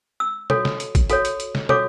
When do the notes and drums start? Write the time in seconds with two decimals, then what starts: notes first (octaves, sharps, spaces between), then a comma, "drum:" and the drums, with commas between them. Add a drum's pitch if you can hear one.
0.20 E6
0.50 F#4 A4 C#5, drum: tom
0.65 drum: snare
0.80 drum: hi-hat
0.95 drum: kick A1, hi-hat
1.10 F#4 A4 C#5, drum: hi-hat
1.25 drum: hi-hat
1.40 drum: hi-hat
1.55 drum: snare
1.69 F#4 A4 C#5 D6, drum: tom